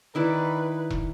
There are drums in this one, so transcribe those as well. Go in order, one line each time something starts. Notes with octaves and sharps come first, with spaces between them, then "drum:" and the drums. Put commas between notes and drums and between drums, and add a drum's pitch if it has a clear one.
D#3 E4 B4 D5
drum: kick